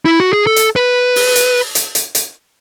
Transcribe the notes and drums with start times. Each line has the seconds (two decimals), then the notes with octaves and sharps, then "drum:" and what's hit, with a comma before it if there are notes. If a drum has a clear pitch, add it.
0.05 E4
0.20 F#4
0.33 G#4
0.47 A4
0.56 drum: hi-hat
0.76 B4
1.16 drum: open hi-hat
1.36 drum: hi-hat
1.75 drum: hi-hat
1.95 drum: hi-hat
2.15 drum: hi-hat